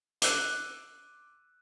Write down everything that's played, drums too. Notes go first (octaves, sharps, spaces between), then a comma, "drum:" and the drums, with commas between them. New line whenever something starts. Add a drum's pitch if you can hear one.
D6 E6 F#6 D#7, drum: hi-hat